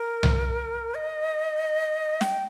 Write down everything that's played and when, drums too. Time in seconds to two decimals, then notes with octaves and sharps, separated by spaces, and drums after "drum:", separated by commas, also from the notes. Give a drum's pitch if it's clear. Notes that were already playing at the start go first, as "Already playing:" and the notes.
Already playing: A#4
0.23 drum: tom C2
0.95 D#5
2.21 G5, drum: snare